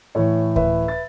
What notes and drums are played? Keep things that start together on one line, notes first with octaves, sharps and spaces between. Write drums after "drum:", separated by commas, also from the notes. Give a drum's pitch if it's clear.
A2 E3 C#5
B4 E5, drum: kick D2
A6